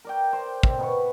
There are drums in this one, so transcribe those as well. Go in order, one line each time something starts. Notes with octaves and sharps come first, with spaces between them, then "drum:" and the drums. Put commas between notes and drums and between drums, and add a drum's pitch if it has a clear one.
A#4 D5 G5
C5
C4, drum: kick
B2 B3 B5 C#6